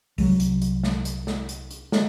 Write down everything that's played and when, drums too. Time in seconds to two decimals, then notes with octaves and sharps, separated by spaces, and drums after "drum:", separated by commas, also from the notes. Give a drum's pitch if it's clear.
0.18 C2 F#3, drum: open hi-hat
0.40 drum: hi-hat
0.62 drum: hi-hat
0.83 drum: snare
1.05 drum: hi-hat
1.27 drum: snare
1.49 drum: hi-hat
1.71 drum: hi-hat
1.92 drum: snare